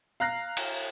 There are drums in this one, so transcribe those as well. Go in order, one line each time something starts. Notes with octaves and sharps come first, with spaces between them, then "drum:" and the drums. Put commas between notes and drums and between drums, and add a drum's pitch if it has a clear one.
F5 A#5 F#6 A#6 C7
drum: cymbal